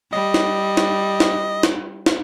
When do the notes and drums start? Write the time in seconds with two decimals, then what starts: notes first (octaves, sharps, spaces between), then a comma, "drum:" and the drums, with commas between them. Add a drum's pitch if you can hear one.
0.13 G3 D#5
0.34 drum: snare
0.77 drum: snare
1.20 drum: snare
1.63 drum: snare
2.06 drum: snare